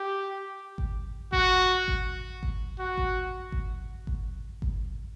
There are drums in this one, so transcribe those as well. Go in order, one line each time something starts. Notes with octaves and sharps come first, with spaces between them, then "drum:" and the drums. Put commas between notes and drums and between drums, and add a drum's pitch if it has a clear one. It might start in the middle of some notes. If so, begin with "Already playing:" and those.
Already playing: G4
drum: kick G#1
F#4, drum: kick G#1
drum: kick G#1
drum: kick G#1
F#4
drum: kick G#1
drum: kick G#1
drum: kick G#1
drum: kick G#1